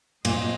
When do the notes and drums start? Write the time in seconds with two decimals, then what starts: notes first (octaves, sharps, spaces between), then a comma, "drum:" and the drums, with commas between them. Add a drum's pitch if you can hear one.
0.25 A#2 F#3 C4 F4 C5 D#5, drum: cymbal